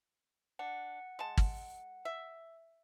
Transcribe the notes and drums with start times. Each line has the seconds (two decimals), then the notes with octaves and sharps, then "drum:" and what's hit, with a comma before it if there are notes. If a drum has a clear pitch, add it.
0.59 D4 F#5
1.19 G#3 A5
1.37 drum: kick G#1
2.05 E5